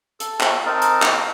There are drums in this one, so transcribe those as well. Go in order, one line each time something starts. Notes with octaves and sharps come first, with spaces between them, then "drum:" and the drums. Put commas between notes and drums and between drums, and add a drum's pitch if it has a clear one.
A4, drum: hi-hat
drum: clap
C4 D#4 A#4 A5
drum: hi-hat
drum: clap